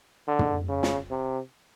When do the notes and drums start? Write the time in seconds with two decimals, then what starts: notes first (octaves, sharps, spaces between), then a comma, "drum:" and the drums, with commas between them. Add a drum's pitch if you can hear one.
0.28 D3
0.39 drum: tom
0.69 C#3
0.83 drum: snare
1.11 C3